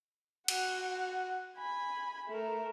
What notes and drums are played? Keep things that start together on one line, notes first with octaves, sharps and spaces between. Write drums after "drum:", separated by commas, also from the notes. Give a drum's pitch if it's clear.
F#4 F#5, drum: cymbal
G#5 B5
A3 A#4